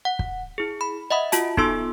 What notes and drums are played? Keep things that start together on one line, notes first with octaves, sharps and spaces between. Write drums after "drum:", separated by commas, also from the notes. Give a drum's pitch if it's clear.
F#5
drum: kick
E4 G#4
B5
D#5 E5 F#5 B5 D#6
F4 F#4 A5, drum: hi-hat
B3 D#4 F4 A4 C6 E6, drum: kick